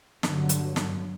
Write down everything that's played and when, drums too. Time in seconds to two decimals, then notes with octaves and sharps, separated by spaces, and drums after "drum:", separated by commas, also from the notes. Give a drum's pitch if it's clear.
0.23 G2 D3 F#3, drum: snare
0.49 drum: hi-hat
0.76 drum: snare